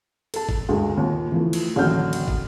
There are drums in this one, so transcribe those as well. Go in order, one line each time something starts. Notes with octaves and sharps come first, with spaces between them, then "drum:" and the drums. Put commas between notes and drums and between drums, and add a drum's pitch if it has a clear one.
A4 A5, drum: cymbal
drum: kick
D2 G2 G#3
D#2 A#2
E3 F3 A3
drum: cymbal
A1 D#2 D3 F#3 F6 G6
drum: cymbal
drum: kick